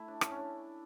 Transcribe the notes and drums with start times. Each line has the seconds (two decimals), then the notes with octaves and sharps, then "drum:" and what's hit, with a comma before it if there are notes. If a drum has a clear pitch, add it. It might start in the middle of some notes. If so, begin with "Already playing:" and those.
Already playing: A3 E4
0.08 D4
0.21 C#4, drum: rim click
0.31 C#4 D4